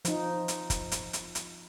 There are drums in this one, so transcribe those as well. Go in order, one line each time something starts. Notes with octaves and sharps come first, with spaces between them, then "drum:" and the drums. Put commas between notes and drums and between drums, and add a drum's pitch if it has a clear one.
F3 D#4, drum: hi-hat
drum: hi-hat
drum: kick, hi-hat
drum: hi-hat
drum: hi-hat
drum: hi-hat